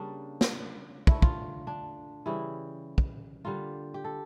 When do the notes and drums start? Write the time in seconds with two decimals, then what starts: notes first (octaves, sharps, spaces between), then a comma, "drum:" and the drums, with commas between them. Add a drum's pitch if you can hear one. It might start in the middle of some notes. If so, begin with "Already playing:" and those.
Already playing: C#3 G3 A#3 D4
0.41 drum: snare
1.07 D3 A3 E4, drum: kick
1.22 F4, drum: kick
1.67 D4
2.26 C#3 E3 G3 E4
2.98 drum: kick
3.45 D3 G3 A#3 F4
3.94 G4
4.04 A4